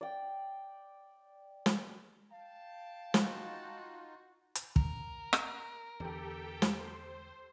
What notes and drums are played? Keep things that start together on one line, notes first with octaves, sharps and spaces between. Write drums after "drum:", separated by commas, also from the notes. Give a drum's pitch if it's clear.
D5 G5
drum: snare
F5 G5 A5
D#4 F4 F#4, drum: snare
drum: hi-hat
A#4, drum: kick
drum: rim click
E2 D3 G4 A4 G5
drum: snare
C5